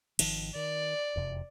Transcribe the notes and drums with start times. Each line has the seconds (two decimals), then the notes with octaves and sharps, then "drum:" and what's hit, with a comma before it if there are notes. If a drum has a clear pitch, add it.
0.19 G#1 D#3 F3, drum: cymbal
0.55 D#3 D5
1.15 E1 F2 C3